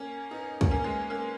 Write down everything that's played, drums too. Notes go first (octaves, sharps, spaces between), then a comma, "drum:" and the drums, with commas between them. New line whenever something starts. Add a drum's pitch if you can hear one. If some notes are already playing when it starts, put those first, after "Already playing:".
Already playing: A#3 C#4
B3 D#4
B3, drum: kick
A#3 C#4
G#3 B3
A#3 C#4